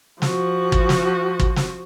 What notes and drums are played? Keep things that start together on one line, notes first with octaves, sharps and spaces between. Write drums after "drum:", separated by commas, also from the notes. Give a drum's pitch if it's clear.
F3 F#4, drum: snare
drum: kick
drum: snare
drum: kick
drum: snare